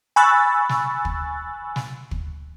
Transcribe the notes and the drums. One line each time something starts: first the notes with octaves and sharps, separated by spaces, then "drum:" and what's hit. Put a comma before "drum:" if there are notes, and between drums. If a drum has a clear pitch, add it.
G#5 B5 C#6 E6 F#6 A6
drum: snare
drum: kick
drum: snare
drum: kick